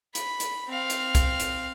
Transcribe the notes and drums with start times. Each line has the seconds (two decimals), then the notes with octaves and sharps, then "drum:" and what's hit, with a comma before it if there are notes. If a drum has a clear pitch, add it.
0.15 B5, drum: hi-hat
0.40 drum: hi-hat
0.69 C4 F5
0.90 drum: hi-hat
1.15 drum: kick C2, hi-hat
1.40 drum: hi-hat